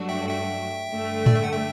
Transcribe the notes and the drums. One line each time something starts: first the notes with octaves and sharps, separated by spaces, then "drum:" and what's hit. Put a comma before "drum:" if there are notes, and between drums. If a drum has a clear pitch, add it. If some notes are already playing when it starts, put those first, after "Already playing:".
Already playing: G2 F#3 A3 D4 F#4
E5 G5
E5 G5
G2 D3 A3
D5, drum: tom A2
E5
F#5
E5 G5